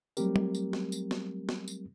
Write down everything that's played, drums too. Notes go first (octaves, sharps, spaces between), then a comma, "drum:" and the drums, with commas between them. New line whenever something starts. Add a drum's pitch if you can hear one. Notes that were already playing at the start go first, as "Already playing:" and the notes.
F#3 G3 A3 C4 G4 A#4, drum: tambourine
drum: tom
drum: tambourine
drum: snare
drum: tambourine
drum: snare
drum: snare
drum: tambourine